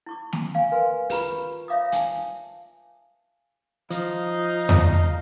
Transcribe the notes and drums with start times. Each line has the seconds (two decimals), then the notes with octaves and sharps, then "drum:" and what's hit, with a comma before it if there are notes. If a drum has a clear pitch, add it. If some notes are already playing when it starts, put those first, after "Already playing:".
0.06 E4 C#6 D6
0.33 drum: snare
0.55 F5 G#5
0.72 A#4 B4 G#5 C6
1.10 F4 B4 A#5 B5 C#6, drum: open hi-hat
1.68 C#5 E5 F5 D6 D#6
1.92 G#5 A5, drum: hi-hat
3.90 F3 D#4 D#5 F5, drum: hi-hat
4.69 drum: tom E2